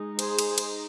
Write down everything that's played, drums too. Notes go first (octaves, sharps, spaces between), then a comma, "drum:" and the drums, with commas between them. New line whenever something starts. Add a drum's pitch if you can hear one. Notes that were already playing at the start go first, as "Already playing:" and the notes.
Already playing: G#3 D#4
G#4 C5, drum: cymbal
drum: cymbal
D#4, drum: cymbal